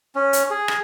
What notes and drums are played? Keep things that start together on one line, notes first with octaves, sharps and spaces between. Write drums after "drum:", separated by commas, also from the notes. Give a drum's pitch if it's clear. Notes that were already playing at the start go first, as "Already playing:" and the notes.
C#4
drum: hi-hat
G#4
drum: rim click